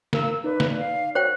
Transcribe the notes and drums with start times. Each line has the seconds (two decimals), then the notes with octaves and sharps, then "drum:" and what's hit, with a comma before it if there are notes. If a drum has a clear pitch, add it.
0.13 A#4 F5 E6, drum: snare
0.44 D#4 B4 D5
0.60 drum: snare
0.78 F5
1.15 F#4 C5 C#5 G5